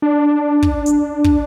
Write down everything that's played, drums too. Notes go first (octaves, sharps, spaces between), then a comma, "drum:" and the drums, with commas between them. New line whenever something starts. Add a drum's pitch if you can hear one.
D4
drum: kick
drum: hi-hat
drum: kick